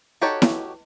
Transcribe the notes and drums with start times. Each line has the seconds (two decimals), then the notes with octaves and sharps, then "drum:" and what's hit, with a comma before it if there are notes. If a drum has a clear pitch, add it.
0.22 D#4 F#4 G4 A4 C#5
0.42 drum: snare E4